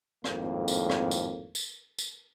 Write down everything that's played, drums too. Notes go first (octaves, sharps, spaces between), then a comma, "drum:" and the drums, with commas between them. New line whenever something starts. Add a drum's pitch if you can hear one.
G#1 F2 A2 A#3, drum: rim click
drum: tambourine
drum: rim click
drum: tambourine
drum: tambourine
drum: tambourine